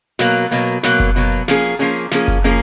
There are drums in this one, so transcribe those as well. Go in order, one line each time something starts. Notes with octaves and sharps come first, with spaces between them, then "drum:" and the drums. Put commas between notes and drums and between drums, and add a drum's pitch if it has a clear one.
B2 F#3 A#3, drum: snare
drum: open hi-hat
B2 F#3 A#3, drum: hi-hat
drum: hi-hat
B2 F#3 A#3, drum: snare
drum: kick F#1, hi-hat
B2 F#3 A#3, drum: hi-hat
drum: hi-hat
F3 A#3 C#4 G#4, drum: snare
drum: open hi-hat
F3 A#3 C#4 G#4, drum: hi-hat
drum: hi-hat
F3 A#3 C#4 G#4, drum: snare
drum: kick F#1, hi-hat
F3 A#3 C#4 G#4, drum: hi-hat